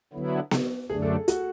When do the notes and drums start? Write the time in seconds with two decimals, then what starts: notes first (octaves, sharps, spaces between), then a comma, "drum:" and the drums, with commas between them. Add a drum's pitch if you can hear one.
0.13 D3 F#3 B3 E4
0.51 drum: snare B3
0.89 F#2 D3 A3 D4 G#4
1.02 A4
1.28 F#4, drum: hi-hat